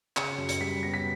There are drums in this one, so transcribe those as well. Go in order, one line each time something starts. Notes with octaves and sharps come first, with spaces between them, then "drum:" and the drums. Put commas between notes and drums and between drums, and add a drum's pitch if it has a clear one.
C#3 C#7, drum: clap
F#2
C#7, drum: hi-hat
G3 B6
B3 A#6
B6